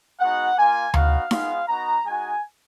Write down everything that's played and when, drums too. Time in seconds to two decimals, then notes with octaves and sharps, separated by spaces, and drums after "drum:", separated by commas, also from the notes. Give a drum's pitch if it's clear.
0.20 G#3 B3 D#4 F#4 F#5
0.57 A#3 F4 G#5
0.94 B3 D#4 F#4 F5, drum: tom D2
1.31 G#3 B3 F4 F5, drum: snare D#4
1.68 B3 D#4 F#4 A#5
2.05 G#3 D#4 F#4 G#5